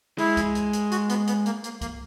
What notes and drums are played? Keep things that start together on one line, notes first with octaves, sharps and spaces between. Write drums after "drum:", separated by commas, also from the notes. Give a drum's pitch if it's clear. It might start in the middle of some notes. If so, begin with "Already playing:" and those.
G#3 E4, drum: open hi-hat
drum: kick C#2, hi-hat
drum: hi-hat
drum: hi-hat
F#4, drum: hi-hat
B3, drum: hi-hat
B3, drum: hi-hat
A#3, drum: hi-hat
A#3, drum: hi-hat
A#3, drum: kick C#2, hi-hat